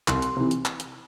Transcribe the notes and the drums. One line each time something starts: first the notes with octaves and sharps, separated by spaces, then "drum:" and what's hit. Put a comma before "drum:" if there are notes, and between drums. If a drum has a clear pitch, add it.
C2 C6, drum: clap
drum: hi-hat
C3 E3
drum: hi-hat
drum: clap
drum: hi-hat